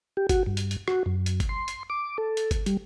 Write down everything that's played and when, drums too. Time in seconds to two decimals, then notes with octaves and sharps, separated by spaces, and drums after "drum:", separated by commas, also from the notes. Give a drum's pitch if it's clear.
0.17 G4
0.29 F#4, drum: kick G1, hi-hat
0.46 G2
0.57 drum: hi-hat
0.71 drum: hi-hat
0.88 F#4, drum: rim click
1.06 F#2
1.26 drum: hi-hat
1.40 drum: kick G1, hi-hat
1.49 C6
1.68 drum: hi-hat
1.90 D6
2.18 A4
2.37 drum: hi-hat
2.51 drum: kick G1, hi-hat
2.66 G3, drum: hi-hat